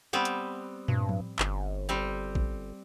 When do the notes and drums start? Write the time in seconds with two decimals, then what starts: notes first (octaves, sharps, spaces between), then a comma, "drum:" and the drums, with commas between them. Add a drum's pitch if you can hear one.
0.13 G3 B3 C4
0.25 drum: hi-hat
0.88 G2, drum: tom
1.09 drum: tom
1.39 G1, drum: clap
1.89 G3 C4
2.35 drum: kick A1